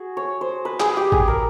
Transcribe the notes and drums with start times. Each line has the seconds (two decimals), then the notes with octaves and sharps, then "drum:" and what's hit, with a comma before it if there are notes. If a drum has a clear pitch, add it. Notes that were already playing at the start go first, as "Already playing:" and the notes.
Already playing: F#4 G#4
0.17 C#5
0.41 C5
0.65 B4
0.80 G#4, drum: clap
0.97 G4
1.12 G#4, drum: kick
1.28 A#4